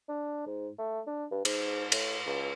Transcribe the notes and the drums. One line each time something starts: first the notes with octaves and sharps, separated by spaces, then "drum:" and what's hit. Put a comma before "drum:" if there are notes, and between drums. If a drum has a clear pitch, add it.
D4
G#2
A3
D4
G2
G#2, drum: cymbal
A2, drum: cymbal
C#2